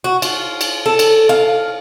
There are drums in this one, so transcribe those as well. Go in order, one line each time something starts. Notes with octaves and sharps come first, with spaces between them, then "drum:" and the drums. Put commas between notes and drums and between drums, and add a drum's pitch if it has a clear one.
F#4
F4, drum: cymbal
drum: cymbal
A4
drum: cymbal
F5